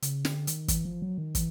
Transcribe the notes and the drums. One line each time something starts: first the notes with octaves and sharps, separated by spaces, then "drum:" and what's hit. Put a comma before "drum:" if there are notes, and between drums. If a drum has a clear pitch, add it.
C#3, drum: hi-hat
D3, drum: snare
D#3, drum: hi-hat
E3, drum: kick, hi-hat
F3
F#3
D#3
E3, drum: kick, hi-hat